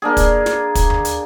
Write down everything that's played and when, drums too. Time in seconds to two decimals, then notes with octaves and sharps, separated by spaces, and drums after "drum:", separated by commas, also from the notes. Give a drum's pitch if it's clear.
0.02 A#3 D4 G#4
0.17 drum: kick, hi-hat
0.46 drum: snare
0.75 drum: kick, hi-hat
0.90 drum: tom D#2
1.05 drum: hi-hat